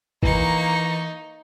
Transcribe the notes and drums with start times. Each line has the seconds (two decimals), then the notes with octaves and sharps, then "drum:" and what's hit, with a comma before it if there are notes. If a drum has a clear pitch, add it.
0.23 E3 A#3 D#4 C#6, drum: kick